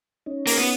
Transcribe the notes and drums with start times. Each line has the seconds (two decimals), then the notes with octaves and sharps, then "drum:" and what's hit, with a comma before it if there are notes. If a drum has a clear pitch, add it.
0.26 C#4 D#4
0.47 A#3, drum: open hi-hat
0.58 B3